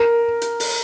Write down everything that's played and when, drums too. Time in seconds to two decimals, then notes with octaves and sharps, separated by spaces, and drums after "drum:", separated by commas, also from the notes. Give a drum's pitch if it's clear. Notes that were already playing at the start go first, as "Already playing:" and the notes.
Already playing: A#4
0.42 drum: hi-hat
0.60 drum: open hi-hat